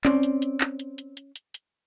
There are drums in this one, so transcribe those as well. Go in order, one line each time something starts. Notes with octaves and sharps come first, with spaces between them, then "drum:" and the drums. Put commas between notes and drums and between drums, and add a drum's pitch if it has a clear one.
C4 C#4 C5 D5, drum: clap
drum: hi-hat
drum: hi-hat
drum: clap
drum: hi-hat
drum: hi-hat
drum: hi-hat
drum: hi-hat
drum: hi-hat